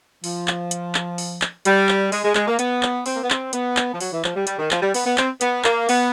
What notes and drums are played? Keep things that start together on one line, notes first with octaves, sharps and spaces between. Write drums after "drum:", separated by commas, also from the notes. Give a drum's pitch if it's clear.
F3, drum: open hi-hat
drum: clap
drum: hi-hat
drum: clap
drum: open hi-hat
drum: clap
G3, drum: hi-hat
drum: clap
G#3, drum: open hi-hat
G#3
G#3, drum: clap
A#3
B3, drum: hi-hat
drum: clap
C4, drum: open hi-hat
A#3
B3
C4, drum: clap
B3, drum: hi-hat
drum: clap
F3
F#3, drum: open hi-hat
E3
F3, drum: clap
G3
G3, drum: hi-hat
D#3
F3, drum: clap
G3
B3, drum: open hi-hat
B3
C4, drum: clap
B3, drum: hi-hat
A#3, drum: clap
B3, drum: open hi-hat